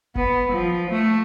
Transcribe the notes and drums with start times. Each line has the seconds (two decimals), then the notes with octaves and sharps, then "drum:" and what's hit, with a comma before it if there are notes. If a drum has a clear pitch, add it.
0.16 B3, drum: kick F1
0.52 F3
0.90 A3